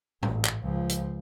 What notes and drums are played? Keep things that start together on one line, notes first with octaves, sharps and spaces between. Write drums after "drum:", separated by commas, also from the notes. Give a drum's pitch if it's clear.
A1, drum: tom G#2
drum: clap
C#2 F3
drum: hi-hat